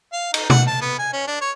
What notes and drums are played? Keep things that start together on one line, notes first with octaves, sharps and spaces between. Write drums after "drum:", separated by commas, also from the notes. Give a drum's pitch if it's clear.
F5
D#4, drum: cymbal
F#5, drum: tom B2
A5
B3
G#5
C#4
D4
C#5